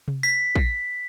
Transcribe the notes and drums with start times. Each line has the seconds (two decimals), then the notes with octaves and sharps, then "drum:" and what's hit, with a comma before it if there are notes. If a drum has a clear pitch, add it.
0.08 drum: tom C3
0.23 B6
0.55 drum: kick A#1